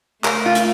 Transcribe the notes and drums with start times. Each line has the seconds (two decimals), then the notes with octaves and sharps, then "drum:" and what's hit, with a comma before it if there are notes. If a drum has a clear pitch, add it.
0.24 A3 A#4, drum: clap
0.46 F4
0.55 drum: hi-hat